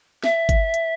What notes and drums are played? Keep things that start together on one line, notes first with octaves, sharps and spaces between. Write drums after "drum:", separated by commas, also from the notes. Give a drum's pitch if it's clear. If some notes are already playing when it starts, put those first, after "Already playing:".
E5, drum: snare
drum: kick, hi-hat
drum: hi-hat